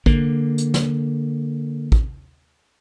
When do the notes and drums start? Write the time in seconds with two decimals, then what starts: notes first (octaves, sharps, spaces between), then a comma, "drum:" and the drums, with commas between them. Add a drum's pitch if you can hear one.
0.06 D3 A#3, drum: kick
0.58 drum: hi-hat
0.74 drum: snare
1.92 drum: kick